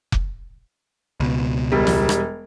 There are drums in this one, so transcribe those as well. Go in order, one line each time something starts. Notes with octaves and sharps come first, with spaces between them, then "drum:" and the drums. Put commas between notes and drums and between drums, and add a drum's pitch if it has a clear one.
drum: kick F1
C#2 B2
E1 G3
drum: snare
drum: rim click